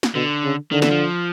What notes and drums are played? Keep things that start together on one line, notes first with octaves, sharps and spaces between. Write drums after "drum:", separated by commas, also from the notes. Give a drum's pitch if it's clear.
drum: snare
B2 D3
C#3
D3 D#3
E3, drum: snare
F3